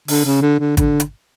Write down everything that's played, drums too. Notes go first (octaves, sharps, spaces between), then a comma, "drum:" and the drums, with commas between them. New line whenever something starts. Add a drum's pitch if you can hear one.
D3, drum: open hi-hat
C#3
D3
D3
D3, drum: kick G#1, hi-hat
drum: hi-hat